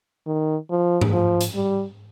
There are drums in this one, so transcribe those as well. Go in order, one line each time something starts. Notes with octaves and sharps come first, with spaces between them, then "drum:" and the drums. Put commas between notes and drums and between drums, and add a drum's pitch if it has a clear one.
D#3
F3
drum: tom G#2
F3
drum: hi-hat
G3